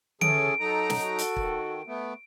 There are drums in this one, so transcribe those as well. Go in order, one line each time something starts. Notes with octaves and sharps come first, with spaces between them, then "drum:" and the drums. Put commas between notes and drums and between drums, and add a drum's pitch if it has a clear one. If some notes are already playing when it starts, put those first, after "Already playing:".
E3 C#4 G#4 A4 D7, drum: tom D3
F#3 D#4 A4 A#5
drum: snare
F#4 A4
drum: hi-hat
D#3, drum: kick
A3 B3